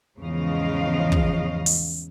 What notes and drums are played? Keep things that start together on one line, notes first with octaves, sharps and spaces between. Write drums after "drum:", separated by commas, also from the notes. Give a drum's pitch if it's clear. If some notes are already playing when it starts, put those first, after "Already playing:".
E2 G#2 C#3 F3 D#5 F5
drum: kick
drum: open hi-hat